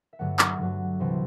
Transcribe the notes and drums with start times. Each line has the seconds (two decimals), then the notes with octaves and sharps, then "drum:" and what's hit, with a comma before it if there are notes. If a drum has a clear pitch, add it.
0.13 E5
0.19 G2 D3 F#3 A3 F#5
0.39 drum: clap
0.59 G2 D3 F#3 A3
1.00 C2 C3 E3 A3 C5